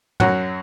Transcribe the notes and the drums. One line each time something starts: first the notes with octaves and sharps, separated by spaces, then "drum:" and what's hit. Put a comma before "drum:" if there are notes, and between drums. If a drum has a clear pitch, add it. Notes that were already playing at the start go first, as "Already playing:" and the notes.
F#2 F#3 F#5, drum: tom